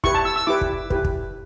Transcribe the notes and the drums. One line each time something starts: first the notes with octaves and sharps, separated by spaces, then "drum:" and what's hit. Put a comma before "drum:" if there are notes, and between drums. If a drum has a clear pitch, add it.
E4 G4 B4 C#6, drum: kick
A5
E6
E6
E4 G4 B4 D6
drum: kick
E4 G4 B4, drum: kick
drum: kick